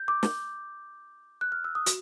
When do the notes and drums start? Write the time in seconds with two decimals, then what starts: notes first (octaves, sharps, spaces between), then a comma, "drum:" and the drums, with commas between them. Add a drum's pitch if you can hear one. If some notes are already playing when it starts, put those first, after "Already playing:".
Already playing: G6
0.08 D6
0.23 drum: snare
1.41 F#6
1.52 F6
1.64 E6
1.75 D#6
1.86 F#4, drum: hi-hat